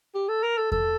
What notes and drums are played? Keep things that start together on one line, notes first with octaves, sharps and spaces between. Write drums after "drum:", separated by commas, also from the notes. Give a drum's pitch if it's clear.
G4
A4
A#4
A4
A4, drum: kick E2